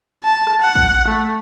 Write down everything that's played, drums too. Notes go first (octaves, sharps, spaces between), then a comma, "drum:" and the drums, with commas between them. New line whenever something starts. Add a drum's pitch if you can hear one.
A5
drum: rim click
F#5
drum: kick
A3